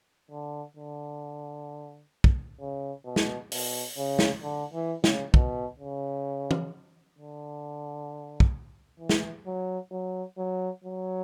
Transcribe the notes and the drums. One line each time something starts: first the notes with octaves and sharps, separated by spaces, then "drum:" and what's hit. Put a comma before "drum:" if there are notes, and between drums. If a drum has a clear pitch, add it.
D3
D3
drum: kick
C#3
B2
drum: snare
B2, drum: open hi-hat
C#3
drum: snare
D3
E3
C#3, drum: snare
B2, drum: kick
C#3
drum: tom
D3
drum: kick
E3
drum: snare
F#3
F#3
F#3
F#3